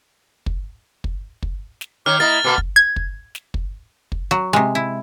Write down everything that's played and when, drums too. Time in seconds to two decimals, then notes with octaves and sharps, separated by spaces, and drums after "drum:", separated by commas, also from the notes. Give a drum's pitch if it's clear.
0.46 drum: kick
1.04 drum: kick
1.43 drum: kick
1.81 drum: snare
2.06 D#3 C#5 D6 F6
2.20 A#3 E4 D#5 D#6 A6
2.44 B2 A#3 D6
2.58 drum: kick
2.76 G#6
2.96 drum: kick
3.35 drum: snare
3.54 drum: kick
4.12 drum: kick
4.31 F#3
4.53 C3 G#3
4.75 E4